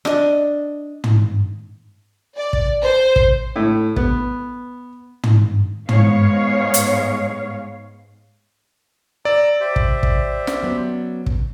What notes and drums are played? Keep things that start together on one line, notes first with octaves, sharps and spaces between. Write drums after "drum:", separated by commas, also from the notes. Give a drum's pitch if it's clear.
D4 D#5, drum: rim click
drum: tom
D5
drum: kick
C5
drum: kick
A2
B3, drum: kick
drum: tom
G#2 G#3 B3 C#5 F5, drum: tom
drum: hi-hat
D5 A#5 E6
G4 C5 E5
drum: kick
drum: kick
drum: snare
F#3 B3 C#4
drum: kick